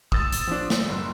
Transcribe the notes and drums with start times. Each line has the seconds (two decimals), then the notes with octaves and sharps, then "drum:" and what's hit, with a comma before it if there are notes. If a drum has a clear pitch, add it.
0.12 D#6 E6 A6, drum: kick
0.32 drum: hi-hat
0.47 F3 D4
0.70 drum: snare
0.89 F#1